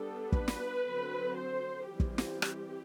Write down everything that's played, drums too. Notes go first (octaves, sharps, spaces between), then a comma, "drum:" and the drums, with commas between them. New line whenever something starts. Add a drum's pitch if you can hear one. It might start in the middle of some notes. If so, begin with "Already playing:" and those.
Already playing: G3 B3 D4 A4
B4, drum: kick
drum: snare
D3 F#3 C4
C5
E3 G3 C4 G4
drum: kick
drum: snare
drum: rim click